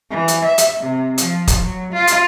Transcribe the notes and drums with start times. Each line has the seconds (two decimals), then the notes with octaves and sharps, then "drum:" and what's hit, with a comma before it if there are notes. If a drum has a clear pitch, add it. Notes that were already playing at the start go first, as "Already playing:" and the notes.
0.10 E3
0.28 drum: hi-hat
0.45 E5
0.58 drum: hi-hat
0.81 C3
1.18 F3, drum: hi-hat
1.47 drum: kick, hi-hat
1.65 F#3
1.94 F4
2.07 drum: hi-hat